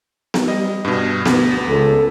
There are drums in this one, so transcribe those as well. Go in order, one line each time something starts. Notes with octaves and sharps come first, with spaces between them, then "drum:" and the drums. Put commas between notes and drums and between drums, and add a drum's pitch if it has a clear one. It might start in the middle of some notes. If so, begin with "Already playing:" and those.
drum: snare B3
G3 D#5
G2 B2
D2 B3, drum: snare B3
C#2 A4